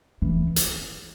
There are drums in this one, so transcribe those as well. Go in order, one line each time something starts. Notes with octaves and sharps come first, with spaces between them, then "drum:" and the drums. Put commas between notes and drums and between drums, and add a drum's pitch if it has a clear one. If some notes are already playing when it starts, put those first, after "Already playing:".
E3
drum: hi-hat